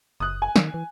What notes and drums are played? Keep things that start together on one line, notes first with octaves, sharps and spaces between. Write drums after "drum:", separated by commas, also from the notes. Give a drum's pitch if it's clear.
F#1 D#6 F#6
G#5
D#3, drum: snare
E3